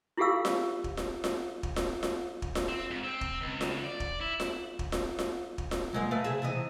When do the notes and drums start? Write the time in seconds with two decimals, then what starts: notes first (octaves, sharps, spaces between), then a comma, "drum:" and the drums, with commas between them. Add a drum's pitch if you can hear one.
0.17 E4 F4 G4 A4 F5 E6
0.45 drum: snare F4
0.84 drum: kick
0.97 drum: snare F4
1.24 drum: snare F4
1.63 drum: kick
1.76 drum: snare F4
2.03 drum: snare F4
2.42 drum: kick
2.55 drum: snare F4
2.68 C4
2.91 G#2
3.03 C4
3.21 drum: kick
3.41 C#2
3.61 drum: snare F4
3.84 D5
4.00 drum: kick
4.21 E4
4.40 drum: snare F4
4.79 drum: kick
4.92 drum: snare F4
5.19 drum: snare F4
5.58 drum: kick
5.71 drum: snare F4
5.93 F#3 G#3 A#3
6.11 A3 B4 F5
6.24 C3 G#4 E5
6.42 C3 E3 D#5